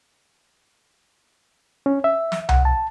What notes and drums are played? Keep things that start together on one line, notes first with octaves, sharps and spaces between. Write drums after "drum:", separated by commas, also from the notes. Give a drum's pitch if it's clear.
C#4
E5
drum: snare
F#5, drum: tom C2
A5